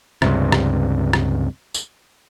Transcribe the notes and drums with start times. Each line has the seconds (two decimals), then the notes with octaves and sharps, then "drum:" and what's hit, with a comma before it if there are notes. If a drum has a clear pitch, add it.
0.22 C#2 G2 C3, drum: rim click
0.52 drum: rim click
1.13 drum: rim click
1.74 drum: tambourine